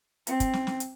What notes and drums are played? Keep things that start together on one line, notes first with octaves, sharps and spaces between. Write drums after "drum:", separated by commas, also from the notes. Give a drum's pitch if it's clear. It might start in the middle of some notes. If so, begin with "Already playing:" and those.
C4, drum: hi-hat
drum: kick, hi-hat
drum: snare
drum: snare
drum: hi-hat